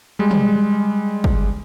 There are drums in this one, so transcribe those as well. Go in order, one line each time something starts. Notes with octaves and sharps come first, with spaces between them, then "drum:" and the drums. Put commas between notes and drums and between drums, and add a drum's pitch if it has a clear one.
G3 G#3
drum: tom
drum: kick